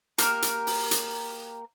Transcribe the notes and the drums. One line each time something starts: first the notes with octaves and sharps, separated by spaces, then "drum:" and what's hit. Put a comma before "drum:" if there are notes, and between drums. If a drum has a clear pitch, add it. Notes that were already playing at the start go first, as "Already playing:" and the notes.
A#3 G4 A#4, drum: hi-hat
drum: hi-hat
drum: open hi-hat
drum: hi-hat